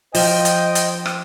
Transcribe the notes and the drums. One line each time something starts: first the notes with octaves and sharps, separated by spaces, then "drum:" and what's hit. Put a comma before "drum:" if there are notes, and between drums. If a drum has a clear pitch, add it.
F3 C5 D#5 G5, drum: open hi-hat
drum: hi-hat
drum: hi-hat
drum: rim click